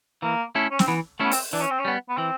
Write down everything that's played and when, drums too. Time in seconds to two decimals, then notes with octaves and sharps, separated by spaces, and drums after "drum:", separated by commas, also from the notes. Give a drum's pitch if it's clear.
0.22 E3 A#3
0.55 A3 C#4 E4 A4
0.71 C#4
0.79 C4, drum: snare
0.87 E3 B3
1.20 A3 B3 C#4 E4 A4
1.32 C4, drum: open hi-hat
1.53 E3 D4
1.61 C#4
1.71 C4
1.79 C#4
1.85 G3 B3
2.09 B3
2.17 E3 C4